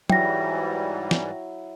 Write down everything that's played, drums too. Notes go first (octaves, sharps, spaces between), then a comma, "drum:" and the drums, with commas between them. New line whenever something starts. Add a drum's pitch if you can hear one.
G#2 E3 F#3 G3 E4 G5 A#6, drum: tom
drum: snare